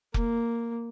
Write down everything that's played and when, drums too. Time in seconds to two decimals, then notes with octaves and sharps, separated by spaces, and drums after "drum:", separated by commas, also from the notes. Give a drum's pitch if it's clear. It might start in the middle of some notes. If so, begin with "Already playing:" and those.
0.14 A#3, drum: kick F1